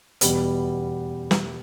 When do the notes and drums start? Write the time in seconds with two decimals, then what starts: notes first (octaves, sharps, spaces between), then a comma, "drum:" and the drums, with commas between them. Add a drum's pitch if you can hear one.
0.21 E2 B2 G3 B3, drum: hi-hat
1.31 drum: snare